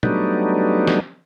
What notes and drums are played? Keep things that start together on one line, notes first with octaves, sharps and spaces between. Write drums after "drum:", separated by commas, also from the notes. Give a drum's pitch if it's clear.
F#3 G3 A3 B3 D4 D#4, drum: tom A#2
drum: snare